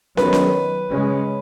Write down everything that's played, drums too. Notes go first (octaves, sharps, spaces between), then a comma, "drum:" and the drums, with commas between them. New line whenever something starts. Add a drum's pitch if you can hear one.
D#3 F#3 B3 B4, drum: snare
drum: snare
C#3 G#3 C#4